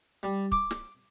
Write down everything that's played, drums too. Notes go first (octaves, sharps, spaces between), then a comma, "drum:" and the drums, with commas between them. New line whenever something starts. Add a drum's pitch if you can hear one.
G3
D6, drum: kick
drum: snare